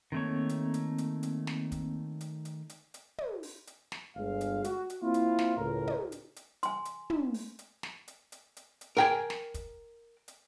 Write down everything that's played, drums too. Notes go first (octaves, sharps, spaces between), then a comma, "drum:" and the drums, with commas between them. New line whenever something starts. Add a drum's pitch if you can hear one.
D#3 A3 A#3 C4 C#5
drum: hi-hat
drum: hi-hat
drum: hi-hat
drum: hi-hat
drum: snare
drum: kick, hi-hat
drum: hi-hat
drum: hi-hat
drum: hi-hat
drum: hi-hat
drum: tom
drum: open hi-hat
drum: hi-hat
drum: snare
G1 G#3 F5
drum: hi-hat
F#4, drum: hi-hat
drum: hi-hat
A#3 C4 E4 F4
drum: hi-hat
drum: snare
C#2 A2 A#4
drum: tom
drum: hi-hat
drum: hi-hat
G#5 C6, drum: hi-hat
drum: hi-hat
drum: tom
drum: open hi-hat
drum: hi-hat
drum: snare
drum: hi-hat
drum: hi-hat
drum: hi-hat
drum: hi-hat
A#4 G5 G#5
drum: snare
drum: kick, hi-hat
drum: hi-hat